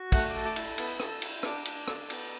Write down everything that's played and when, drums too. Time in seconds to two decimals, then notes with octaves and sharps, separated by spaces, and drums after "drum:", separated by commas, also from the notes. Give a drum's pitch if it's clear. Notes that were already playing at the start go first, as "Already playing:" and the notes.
Already playing: F#4
0.12 A3 F#5, drum: kick, cymbal
0.30 A4 D6
0.45 D6
0.56 E4, drum: cymbal
0.78 B3 B5, drum: cymbal
1.00 A4, drum: rim click
1.11 E6
1.22 E4, drum: cymbal
1.43 D4 D6, drum: rim click
1.65 D4, drum: cymbal
1.88 A4, drum: rim click
2.10 B3, drum: cymbal